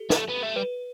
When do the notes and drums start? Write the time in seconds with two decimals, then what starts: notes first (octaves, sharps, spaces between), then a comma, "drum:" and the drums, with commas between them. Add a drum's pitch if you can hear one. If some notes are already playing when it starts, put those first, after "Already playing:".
Already playing: G4 A4
0.10 A3, drum: snare
0.29 B3
0.43 A3
0.56 G3 B4